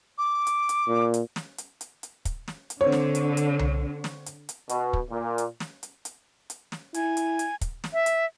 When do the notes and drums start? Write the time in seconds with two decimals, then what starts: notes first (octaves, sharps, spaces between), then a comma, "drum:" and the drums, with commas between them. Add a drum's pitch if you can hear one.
0.18 D6
0.47 drum: hi-hat
0.69 drum: hi-hat
0.88 A#2
1.14 drum: hi-hat
1.36 drum: snare
1.58 drum: hi-hat
1.81 drum: hi-hat
2.03 drum: hi-hat
2.25 drum: kick, hi-hat
2.48 drum: snare
2.70 drum: hi-hat
2.81 D3 C4 C#5
2.92 drum: snare
3.15 drum: hi-hat
3.37 drum: hi-hat
3.59 drum: tom C2
4.04 drum: snare
4.26 drum: hi-hat
4.49 drum: hi-hat
4.69 B2, drum: hi-hat
4.93 drum: kick
5.11 A#2
5.38 drum: hi-hat
5.60 drum: snare
5.83 drum: hi-hat
6.05 drum: hi-hat
6.50 drum: hi-hat
6.72 drum: snare
6.94 E4 G#5, drum: hi-hat
7.17 drum: hi-hat
7.39 drum: hi-hat
7.61 drum: kick, hi-hat
7.84 drum: snare
7.93 E5
8.06 drum: hi-hat